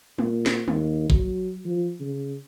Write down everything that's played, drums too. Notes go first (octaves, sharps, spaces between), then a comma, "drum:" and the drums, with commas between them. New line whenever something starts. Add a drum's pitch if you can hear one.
A#2, drum: tom
drum: snare
D#2, drum: tom
F#3, drum: kick
F3
C#3